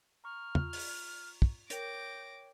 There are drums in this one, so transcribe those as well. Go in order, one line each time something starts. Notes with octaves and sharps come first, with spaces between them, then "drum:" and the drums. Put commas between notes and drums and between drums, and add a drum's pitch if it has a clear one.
A#5 C#6 F6
F4, drum: tom
drum: open hi-hat
drum: kick
A#4 C#5 G5 D6 G6 A#6, drum: hi-hat